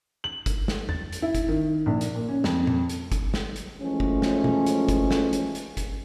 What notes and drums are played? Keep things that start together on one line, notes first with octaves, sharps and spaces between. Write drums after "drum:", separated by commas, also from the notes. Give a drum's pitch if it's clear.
F#7
drum: kick G1, hi-hat
drum: snare
A6, drum: tom E2
drum: hi-hat
E4
drum: kick G1, hi-hat
D#3
A#1
drum: hi-hat
A#2
C#4
F2, drum: snare
drum: tom A#2
drum: hi-hat
drum: kick G1, hi-hat
drum: snare
drum: hi-hat
E3 F3 G#3 A3 C#4
drum: kick G1
drum: snare
drum: tom B2
drum: hi-hat
drum: kick G1, hi-hat
drum: snare
drum: hi-hat
drum: hi-hat
drum: kick G1, hi-hat